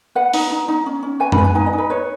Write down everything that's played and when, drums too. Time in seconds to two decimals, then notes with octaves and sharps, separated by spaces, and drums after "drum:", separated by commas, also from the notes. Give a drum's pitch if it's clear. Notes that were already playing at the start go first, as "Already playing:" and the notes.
0.15 B4 F#5
0.33 D#4, drum: open hi-hat
0.51 D#4
0.68 D#4
0.86 C#4
1.03 C#4
1.20 B4 G#5
1.32 B5, drum: tom
1.38 B4
1.44 G#5
1.55 D#4 G#5
1.66 D#5
1.73 D#4
1.78 B4
1.90 B4 C#5